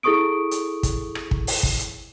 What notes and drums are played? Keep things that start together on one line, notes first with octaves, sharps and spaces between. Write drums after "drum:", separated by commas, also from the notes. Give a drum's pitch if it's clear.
E4 G#4 A4 C#6 D#6 D7
drum: hi-hat
drum: kick, hi-hat
drum: rim click
drum: kick
drum: open hi-hat
drum: kick
drum: hi-hat